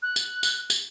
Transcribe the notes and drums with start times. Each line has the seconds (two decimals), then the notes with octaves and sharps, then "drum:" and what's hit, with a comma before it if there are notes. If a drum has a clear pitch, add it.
0.03 F#6
0.16 drum: tambourine
0.43 drum: tambourine
0.70 drum: tambourine